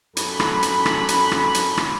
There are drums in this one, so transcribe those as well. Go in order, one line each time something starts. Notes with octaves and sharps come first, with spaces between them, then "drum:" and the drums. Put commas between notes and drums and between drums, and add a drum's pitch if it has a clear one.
F#2 A4 B5, drum: hi-hat
drum: rim click
drum: hi-hat
drum: rim click
drum: hi-hat
drum: rim click
drum: hi-hat
drum: rim click